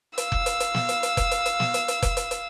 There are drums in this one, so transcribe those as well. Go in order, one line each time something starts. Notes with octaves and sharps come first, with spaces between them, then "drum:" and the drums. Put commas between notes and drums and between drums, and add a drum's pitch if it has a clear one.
F5 E6, drum: hi-hat
drum: kick F1
drum: hi-hat
drum: hi-hat
drum: snare
drum: hi-hat
drum: hi-hat
drum: kick F1, hi-hat
drum: hi-hat
drum: hi-hat
drum: snare
drum: hi-hat
drum: hi-hat
drum: kick F1, hi-hat
drum: hi-hat
drum: hi-hat